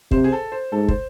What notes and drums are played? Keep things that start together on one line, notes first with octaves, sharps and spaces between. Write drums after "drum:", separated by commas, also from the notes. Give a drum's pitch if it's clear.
C3 C5, drum: kick
G#4
A4
C5
G#2 A4
C5, drum: kick